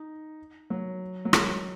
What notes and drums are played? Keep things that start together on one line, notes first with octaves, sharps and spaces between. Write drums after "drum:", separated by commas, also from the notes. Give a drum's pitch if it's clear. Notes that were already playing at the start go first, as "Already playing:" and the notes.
Already playing: D#4
F#3
F#3
G#3, drum: rim click
G#3